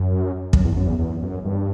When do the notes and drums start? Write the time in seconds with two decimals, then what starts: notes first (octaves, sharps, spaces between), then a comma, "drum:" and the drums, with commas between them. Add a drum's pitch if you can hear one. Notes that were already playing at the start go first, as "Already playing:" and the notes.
Already playing: F#2
0.53 F#2, drum: kick
0.64 E2
0.76 F#2
0.87 E2
0.99 E2
1.23 F#2
1.45 G2